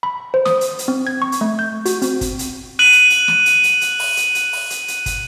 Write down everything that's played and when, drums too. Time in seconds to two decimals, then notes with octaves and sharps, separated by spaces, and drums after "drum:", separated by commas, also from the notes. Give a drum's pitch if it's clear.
0.03 B5
0.34 C5
0.46 D#6, drum: snare
0.61 drum: hi-hat
0.79 drum: hi-hat
0.88 C4
1.07 G#6
1.22 C#6
1.32 drum: hi-hat
1.41 A3
1.59 G6
1.85 F#4, drum: hi-hat
2.02 C4, drum: hi-hat
2.21 drum: kick, hi-hat
2.39 drum: hi-hat
2.79 F#6 D#7 F#7
2.92 drum: hi-hat
3.10 drum: hi-hat
3.28 drum: snare
3.46 drum: hi-hat
3.63 drum: hi-hat
3.81 drum: hi-hat
3.99 drum: open hi-hat
4.17 drum: hi-hat
4.35 drum: hi-hat
4.52 drum: open hi-hat
4.70 drum: hi-hat
4.88 drum: hi-hat
5.06 drum: kick, hi-hat